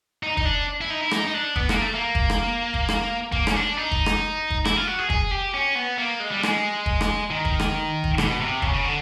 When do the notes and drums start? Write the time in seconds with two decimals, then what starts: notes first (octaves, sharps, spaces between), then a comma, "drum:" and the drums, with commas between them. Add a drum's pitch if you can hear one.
0.23 D#4
0.37 D#4, drum: kick
0.45 D4
0.81 E4
0.90 D#4
1.01 E4
1.11 D#4, drum: rim click
1.27 D#4
1.34 D4
1.56 B3, drum: kick
1.69 A#3, drum: rim click
1.82 A3
1.94 A#3
2.15 drum: kick
2.30 drum: rim click
2.74 drum: kick
2.89 drum: rim click
3.32 A#3, drum: kick
3.47 C#4, drum: rim click
3.55 D4
3.77 D#4
3.92 drum: kick
4.06 drum: rim click
4.50 drum: kick
4.65 E4, drum: rim click
4.77 F4
4.87 F#4
4.99 G#4
5.10 G#4, drum: kick
5.31 G4
5.54 C#4
5.75 B3
5.98 A#3
6.20 G#3
6.31 G3
6.43 G#3, drum: rim click
6.86 drum: kick
7.01 drum: rim click
7.30 D#3
7.45 drum: kick
7.60 drum: rim click
8.04 drum: kick
8.18 B2, drum: rim click
8.41 C3
8.62 C#3, drum: kick
8.74 C#3
8.85 D3